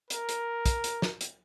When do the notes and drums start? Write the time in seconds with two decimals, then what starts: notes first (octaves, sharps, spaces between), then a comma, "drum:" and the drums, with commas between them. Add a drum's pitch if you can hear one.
0.10 A#4, drum: hi-hat
0.29 drum: hi-hat
0.66 drum: kick, hi-hat
0.84 drum: hi-hat
1.02 drum: snare
1.21 drum: hi-hat